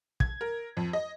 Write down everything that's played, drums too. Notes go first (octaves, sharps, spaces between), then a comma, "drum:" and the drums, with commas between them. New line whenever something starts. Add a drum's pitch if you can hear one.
G#6, drum: kick
A#4
F2
D#5